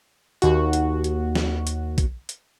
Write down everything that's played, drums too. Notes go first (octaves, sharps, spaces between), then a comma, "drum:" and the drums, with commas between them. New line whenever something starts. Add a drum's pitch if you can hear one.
D#2 F#4, drum: hi-hat
drum: hi-hat
drum: hi-hat
drum: snare
drum: hi-hat
drum: kick, hi-hat
drum: hi-hat